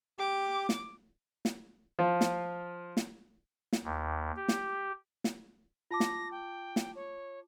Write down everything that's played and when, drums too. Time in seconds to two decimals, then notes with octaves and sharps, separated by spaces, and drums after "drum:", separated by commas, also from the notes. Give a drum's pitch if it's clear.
0.19 G4 D6
0.69 drum: snare
1.45 drum: snare
1.99 F3 F4
2.21 drum: snare
2.97 drum: snare
3.73 drum: snare
3.84 D#2
4.36 G4
4.48 drum: snare
5.24 drum: snare
5.91 F4 A5 D6 A#6
6.00 drum: snare
6.31 G5
6.76 drum: snare
6.95 C#5